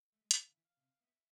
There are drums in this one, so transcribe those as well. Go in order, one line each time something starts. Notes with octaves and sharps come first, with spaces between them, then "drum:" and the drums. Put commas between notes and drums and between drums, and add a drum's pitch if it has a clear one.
A3
G#3
F3 E5, drum: hi-hat
F5
D3
E3 E5
F5
C3
B3 E5